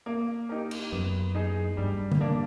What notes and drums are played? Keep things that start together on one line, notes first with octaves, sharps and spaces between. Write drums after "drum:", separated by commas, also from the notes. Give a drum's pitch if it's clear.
A#3
D#4 G4 A#4
drum: cymbal
F#2 B3
D#4 G#4
G2 G3
drum: tom D3
A#3 D4